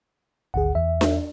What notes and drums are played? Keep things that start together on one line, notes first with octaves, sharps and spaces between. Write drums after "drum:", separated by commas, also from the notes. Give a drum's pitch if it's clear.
G#1 D2 G#4 F#5
E2 E5
drum: snare D4